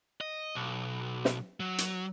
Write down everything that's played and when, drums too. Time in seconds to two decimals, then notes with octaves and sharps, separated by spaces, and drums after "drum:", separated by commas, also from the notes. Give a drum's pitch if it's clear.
0.21 D#5
0.55 B1
1.25 drum: snare
1.60 F#3
1.78 drum: hi-hat